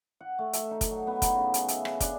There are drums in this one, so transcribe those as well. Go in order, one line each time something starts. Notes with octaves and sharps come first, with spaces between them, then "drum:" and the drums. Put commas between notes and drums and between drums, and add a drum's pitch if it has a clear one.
F#5
A3
E5, drum: hi-hat
D#4
drum: kick, hi-hat
F#3
B3
D#4, drum: kick, hi-hat
C#3
drum: hi-hat
E5, drum: hi-hat
G#4, drum: rim click
D4, drum: kick, hi-hat